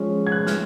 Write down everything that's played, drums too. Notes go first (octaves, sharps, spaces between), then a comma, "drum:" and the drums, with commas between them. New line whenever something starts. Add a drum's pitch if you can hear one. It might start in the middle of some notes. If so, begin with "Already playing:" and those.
Already playing: F3 G#3 C#4
G#6
F#6
F6, drum: snare